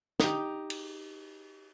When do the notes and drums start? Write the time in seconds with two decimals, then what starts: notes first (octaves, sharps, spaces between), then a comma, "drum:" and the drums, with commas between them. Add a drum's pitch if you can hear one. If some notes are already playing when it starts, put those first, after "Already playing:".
0.20 D#4 G4, drum: snare
0.70 drum: cymbal